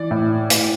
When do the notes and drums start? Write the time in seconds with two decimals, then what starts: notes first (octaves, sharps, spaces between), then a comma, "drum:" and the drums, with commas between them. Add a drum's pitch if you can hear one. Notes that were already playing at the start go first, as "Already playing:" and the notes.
Already playing: E3 D5
0.11 A2
0.50 A2, drum: hi-hat